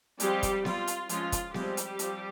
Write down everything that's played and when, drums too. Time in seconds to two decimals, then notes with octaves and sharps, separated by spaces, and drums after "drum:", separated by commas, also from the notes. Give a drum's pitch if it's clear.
0.20 F3 G3 G#3 C4 G4, drum: hi-hat
0.43 drum: kick, hi-hat
0.65 G3 C4 F4, drum: snare B3
0.87 drum: hi-hat
1.09 F3 G#3 C#4 F4, drum: hi-hat
1.32 drum: kick, hi-hat
1.54 F3 G3 G#3 C4 G4, drum: snare B3
1.77 drum: hi-hat
1.99 F3 C4, drum: hi-hat